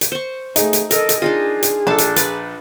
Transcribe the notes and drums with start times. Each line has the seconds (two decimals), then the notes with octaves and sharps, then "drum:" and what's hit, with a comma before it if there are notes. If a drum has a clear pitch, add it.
0.01 drum: hi-hat
0.12 C5 C#6
0.56 A3 D#4 G#4, drum: hi-hat
0.73 drum: hi-hat
0.91 A4 A#4 D#5, drum: hi-hat
1.09 drum: hi-hat
1.22 D4 D#4 F4 G#4 D#5
1.63 drum: hi-hat
1.87 A#1 D4 A4 A5
1.98 drum: hi-hat
2.16 B4 D5, drum: hi-hat